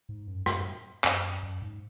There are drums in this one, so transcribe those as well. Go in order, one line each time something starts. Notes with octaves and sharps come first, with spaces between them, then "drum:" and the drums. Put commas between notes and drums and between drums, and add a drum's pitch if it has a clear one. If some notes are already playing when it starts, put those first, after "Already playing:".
G#2
F#2
F#2, drum: rim click
F#2, drum: clap
F#2
G#2